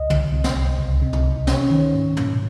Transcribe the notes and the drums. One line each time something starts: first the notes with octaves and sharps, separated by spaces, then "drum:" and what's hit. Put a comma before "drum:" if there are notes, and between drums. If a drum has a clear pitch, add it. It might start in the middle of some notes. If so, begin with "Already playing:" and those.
Already playing: C#2 D#5
C2, drum: tom
C3
drum: snare
C2
C#2
C3
drum: tom
C#2
C#4 C#5, drum: snare
D#3
G#2
A#2, drum: tom